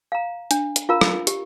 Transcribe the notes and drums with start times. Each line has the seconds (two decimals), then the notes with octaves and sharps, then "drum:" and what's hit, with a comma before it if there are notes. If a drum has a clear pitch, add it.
0.12 F5 A#5
0.51 D4, drum: hi-hat
0.76 drum: hi-hat
0.89 F4 A#4 F5 A#5
1.01 drum: rim click
1.27 G4, drum: hi-hat